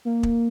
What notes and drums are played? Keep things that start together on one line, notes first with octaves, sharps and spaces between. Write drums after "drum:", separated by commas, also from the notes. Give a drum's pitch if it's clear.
A#3
drum: kick